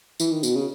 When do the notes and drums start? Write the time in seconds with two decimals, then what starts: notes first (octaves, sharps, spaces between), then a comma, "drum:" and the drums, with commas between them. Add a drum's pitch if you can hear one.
0.20 E3, drum: tambourine
0.32 D#3
0.43 B2, drum: tambourine
0.56 C#3